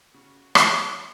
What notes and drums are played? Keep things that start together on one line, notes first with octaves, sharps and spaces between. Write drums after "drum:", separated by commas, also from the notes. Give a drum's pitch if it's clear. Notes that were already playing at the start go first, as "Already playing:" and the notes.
C#3 F#4
C#4 F#4 B4 C#5, drum: rim click